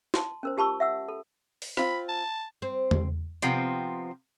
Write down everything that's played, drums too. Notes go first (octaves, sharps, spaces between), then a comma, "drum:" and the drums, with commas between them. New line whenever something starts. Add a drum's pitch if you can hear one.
A5 C6, drum: snare
C#4 A#4 C5
F4 G4 A5 B5 C#6 E6
E5 F#5 E6
A4 B5
drum: open hi-hat
C4 F4 B5, drum: rim click
A5
C4
drum: tom E2
C3 F3 B3 C4, drum: hi-hat